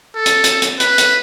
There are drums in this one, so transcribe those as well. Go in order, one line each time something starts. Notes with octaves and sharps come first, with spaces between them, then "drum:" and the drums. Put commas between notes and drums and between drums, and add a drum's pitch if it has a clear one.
A4
drum: hi-hat
drum: hi-hat
drum: hi-hat
B4, drum: hi-hat
drum: hi-hat